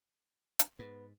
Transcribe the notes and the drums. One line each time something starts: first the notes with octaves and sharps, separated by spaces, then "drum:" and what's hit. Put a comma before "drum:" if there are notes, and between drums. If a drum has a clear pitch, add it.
drum: hi-hat
G#2 B3